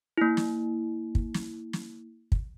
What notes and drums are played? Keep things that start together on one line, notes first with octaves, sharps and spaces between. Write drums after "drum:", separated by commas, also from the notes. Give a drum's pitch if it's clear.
A#3 E4
drum: snare
drum: kick
drum: snare
drum: snare
drum: kick